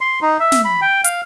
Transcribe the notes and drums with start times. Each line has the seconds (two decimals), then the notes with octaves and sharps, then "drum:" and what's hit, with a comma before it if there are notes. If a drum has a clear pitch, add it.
0.01 C6
0.22 D#4
0.40 E5
0.52 drum: snare
0.65 B5
0.82 G5
1.04 F5, drum: hi-hat